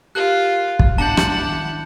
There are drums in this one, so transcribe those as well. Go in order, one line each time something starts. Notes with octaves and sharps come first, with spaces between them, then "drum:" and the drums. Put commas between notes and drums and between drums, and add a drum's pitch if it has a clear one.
F4 G4 A#4 F#6
drum: kick
B3 D4 E4 F#5 A5 G6
drum: rim click
D#3